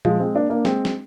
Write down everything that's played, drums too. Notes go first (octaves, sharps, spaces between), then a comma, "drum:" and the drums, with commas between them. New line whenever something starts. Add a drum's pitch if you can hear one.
F3 G#3, drum: tom A#2
G#3 C4
A#3 D4
A#3 D4
G#3 C4, drum: snare
drum: snare